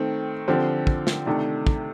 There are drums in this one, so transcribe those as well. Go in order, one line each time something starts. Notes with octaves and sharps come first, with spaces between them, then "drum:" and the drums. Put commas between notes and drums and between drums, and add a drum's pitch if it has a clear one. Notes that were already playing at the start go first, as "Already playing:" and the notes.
Already playing: D#3 A3 C4
D3 F3 C4 G4
drum: kick
drum: snare
C3 D#3 A3 D4
drum: kick